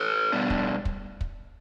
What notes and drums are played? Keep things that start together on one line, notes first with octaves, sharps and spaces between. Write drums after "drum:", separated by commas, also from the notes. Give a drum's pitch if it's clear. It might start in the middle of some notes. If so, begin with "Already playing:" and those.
Already playing: A4 B4
B2 G3 B3 D4
drum: kick
drum: kick
drum: kick